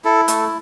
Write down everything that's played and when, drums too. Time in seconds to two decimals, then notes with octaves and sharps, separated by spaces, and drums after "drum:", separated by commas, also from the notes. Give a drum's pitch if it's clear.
0.04 E4 A4
0.28 A3 A4, drum: hi-hat